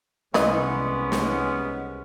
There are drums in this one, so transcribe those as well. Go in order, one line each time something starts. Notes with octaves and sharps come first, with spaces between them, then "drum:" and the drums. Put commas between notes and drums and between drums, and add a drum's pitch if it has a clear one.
C2 E3 G#3 B3 C#4 D5 D#5, drum: snare
drum: snare